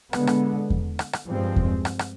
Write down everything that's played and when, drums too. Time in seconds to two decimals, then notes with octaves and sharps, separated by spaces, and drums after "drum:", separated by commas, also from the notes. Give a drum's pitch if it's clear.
0.13 D3 G#3 B3, drum: rim click
0.27 drum: rim click
0.70 drum: kick E2
0.99 drum: rim click
1.13 drum: rim click
1.27 G2 F3 G#3 C4
1.56 drum: kick E2
1.85 drum: rim click
1.99 drum: rim click